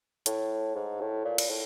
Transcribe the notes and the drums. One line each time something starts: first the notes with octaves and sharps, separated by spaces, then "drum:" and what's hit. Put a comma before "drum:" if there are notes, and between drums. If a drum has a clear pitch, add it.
A2, drum: hi-hat
G#2
A2
A#2
drum: cymbal
A2